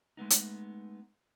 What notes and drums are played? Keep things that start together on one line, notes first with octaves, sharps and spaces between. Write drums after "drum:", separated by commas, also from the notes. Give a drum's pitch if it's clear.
G#3 A3 B3 D#4
drum: hi-hat